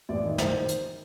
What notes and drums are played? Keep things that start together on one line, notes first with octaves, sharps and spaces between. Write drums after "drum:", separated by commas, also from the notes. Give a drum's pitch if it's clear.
A1 D5
D#3
D#3 C5, drum: snare
drum: hi-hat